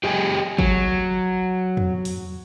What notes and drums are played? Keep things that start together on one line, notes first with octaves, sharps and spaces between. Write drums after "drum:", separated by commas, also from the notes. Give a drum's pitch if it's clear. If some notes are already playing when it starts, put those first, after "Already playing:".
G4 G#4 D#5 G5 G#5
F#3, drum: kick
drum: tom E2
drum: open hi-hat